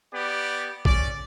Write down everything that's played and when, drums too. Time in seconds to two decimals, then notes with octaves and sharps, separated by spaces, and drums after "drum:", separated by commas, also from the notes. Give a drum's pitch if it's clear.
0.13 B3 G4 D5
0.85 C#4 D5, drum: kick A#1